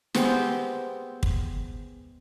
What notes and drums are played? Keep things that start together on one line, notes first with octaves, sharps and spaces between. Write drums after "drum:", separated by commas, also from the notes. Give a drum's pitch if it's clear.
G#3 B3 C4 G4, drum: snare
drum: kick